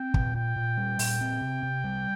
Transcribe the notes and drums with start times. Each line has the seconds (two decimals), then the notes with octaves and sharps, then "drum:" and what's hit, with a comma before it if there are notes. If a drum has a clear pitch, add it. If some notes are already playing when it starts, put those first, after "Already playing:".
Already playing: C4 G5
0.14 A#2, drum: kick
0.35 A#2 G5
0.56 A#2
0.77 G3
0.99 A#2, drum: open hi-hat
1.21 C4
1.42 C3
1.63 C3
1.84 G3